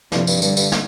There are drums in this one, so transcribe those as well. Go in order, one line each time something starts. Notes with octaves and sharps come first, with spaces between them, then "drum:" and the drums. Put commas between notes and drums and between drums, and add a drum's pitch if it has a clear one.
G2 C3 F3, drum: snare
G2, drum: tambourine
G2 D3 G3, drum: tambourine
G2, drum: tambourine
drum: snare